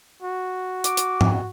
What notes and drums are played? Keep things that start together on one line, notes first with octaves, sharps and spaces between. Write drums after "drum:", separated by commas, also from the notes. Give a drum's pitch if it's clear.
F#4
D6, drum: hi-hat
drum: hi-hat
drum: tom G#2